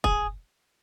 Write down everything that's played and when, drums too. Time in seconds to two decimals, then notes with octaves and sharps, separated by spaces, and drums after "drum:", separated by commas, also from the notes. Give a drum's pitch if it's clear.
0.04 G#4, drum: kick